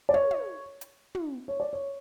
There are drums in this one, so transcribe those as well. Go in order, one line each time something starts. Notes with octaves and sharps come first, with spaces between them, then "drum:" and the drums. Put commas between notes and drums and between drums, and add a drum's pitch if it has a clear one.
D5
C#5, drum: tom
drum: tom
drum: hi-hat
drum: tom
C#5
D5
C#5